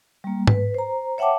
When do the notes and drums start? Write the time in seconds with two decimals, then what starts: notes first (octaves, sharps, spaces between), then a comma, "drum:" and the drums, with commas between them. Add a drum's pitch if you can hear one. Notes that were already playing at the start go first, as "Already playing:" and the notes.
0.24 G3 A#3
0.47 B4, drum: tom
0.74 C5 A#5
1.18 C#5 E5 F#5 G5 A5 D6